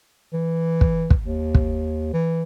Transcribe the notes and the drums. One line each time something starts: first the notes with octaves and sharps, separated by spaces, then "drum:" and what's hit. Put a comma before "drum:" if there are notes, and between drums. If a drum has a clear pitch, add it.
E3
drum: kick
drum: kick
D#2
drum: kick
E3